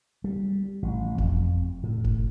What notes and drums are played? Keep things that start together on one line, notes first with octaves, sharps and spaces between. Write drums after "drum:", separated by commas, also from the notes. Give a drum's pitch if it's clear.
G3
A1
F2, drum: kick F1
A2
drum: kick F1